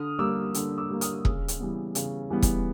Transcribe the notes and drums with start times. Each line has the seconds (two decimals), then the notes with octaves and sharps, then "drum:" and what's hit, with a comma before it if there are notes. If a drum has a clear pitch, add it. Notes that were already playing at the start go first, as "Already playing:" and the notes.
Already playing: D3 D#6 F6
0.19 G3 A#3 D6 E6
0.54 D3, drum: hi-hat
0.78 D6 E6
0.90 G3 A#3
1.01 D#6 F6, drum: hi-hat
1.25 C#3, drum: kick E1
1.48 drum: hi-hat
1.60 E3 G3 B3
1.95 C#3, drum: hi-hat
2.30 E3 G3 B3
2.42 drum: kick E1, hi-hat